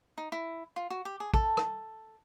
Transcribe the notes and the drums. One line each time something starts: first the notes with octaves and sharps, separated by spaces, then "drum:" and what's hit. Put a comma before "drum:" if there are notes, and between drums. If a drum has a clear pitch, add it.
D#4
E4
F4
F#4
G4
G#4
A4, drum: kick
drum: rim click